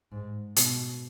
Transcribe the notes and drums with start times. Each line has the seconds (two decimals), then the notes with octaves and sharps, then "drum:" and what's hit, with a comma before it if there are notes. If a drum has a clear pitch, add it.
0.12 G#2
0.56 B2, drum: hi-hat